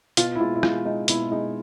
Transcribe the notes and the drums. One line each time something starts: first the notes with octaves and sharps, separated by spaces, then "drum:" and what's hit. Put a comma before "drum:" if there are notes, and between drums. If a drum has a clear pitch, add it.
B2 F4, drum: hi-hat
E4
G#3 F4
E4
G#3 F4, drum: rim click
G#3 D#4
B2 E4, drum: hi-hat
G#3 D#4